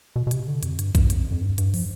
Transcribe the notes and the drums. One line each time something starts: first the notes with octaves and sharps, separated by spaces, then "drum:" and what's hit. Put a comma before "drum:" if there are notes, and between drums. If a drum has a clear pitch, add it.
B2
B2
C3, drum: hi-hat
D3
F2, drum: hi-hat
G2, drum: hi-hat
G2, drum: kick A#1, hi-hat
F2, drum: hi-hat
F2
G2
G2, drum: hi-hat
F3, drum: open hi-hat